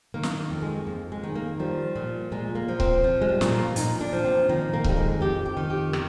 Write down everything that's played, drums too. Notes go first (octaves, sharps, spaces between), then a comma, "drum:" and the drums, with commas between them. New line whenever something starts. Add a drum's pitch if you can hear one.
D#3 A#3
drum: snare
F2
G#3
F2 A#3
G#3
D#3
A#3
F3 G3
A#2
A#2 G#3
A#3
F3
C4, drum: kick C#1
F3
G#3
G3
A#2, drum: snare
A#3
A#2 D#4, drum: hi-hat
D4
F3
C4
D#3 A#3
A#3
F2 G3, drum: kick C#1
G#3
F2 G4
G4
D#3
G4
D#3, drum: rim click